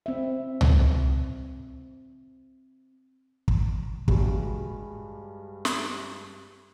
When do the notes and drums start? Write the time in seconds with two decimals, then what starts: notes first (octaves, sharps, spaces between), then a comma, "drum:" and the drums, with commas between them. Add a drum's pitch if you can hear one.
0.06 C4 E5
0.61 drum: tom C2
3.48 drum: kick
4.08 G2 G3 G#3 F#4, drum: kick
5.65 drum: snare